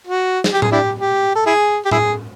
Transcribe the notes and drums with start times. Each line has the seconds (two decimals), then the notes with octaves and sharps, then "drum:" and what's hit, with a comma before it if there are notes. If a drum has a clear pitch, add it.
0.07 F#4
0.44 drum: snare
0.53 G4
0.62 G#4, drum: tom A2
0.72 D4 E4 G4
0.99 G4
1.35 A4
1.46 E4 G#4
1.85 G4
1.91 E4 G#4, drum: tom A2